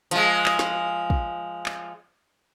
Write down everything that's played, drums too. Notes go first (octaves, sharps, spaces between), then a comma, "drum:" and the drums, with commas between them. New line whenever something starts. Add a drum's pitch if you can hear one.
F3 G#3, drum: hi-hat
drum: clap
drum: snare
drum: kick
drum: clap